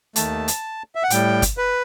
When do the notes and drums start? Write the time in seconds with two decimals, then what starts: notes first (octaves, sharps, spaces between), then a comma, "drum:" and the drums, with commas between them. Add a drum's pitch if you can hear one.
0.16 D#2 D#3 A3 A5, drum: hi-hat
0.48 drum: hi-hat
0.95 E5
1.03 F#5
1.10 A2 G3 G5, drum: hi-hat
1.42 drum: kick, hi-hat
1.58 B4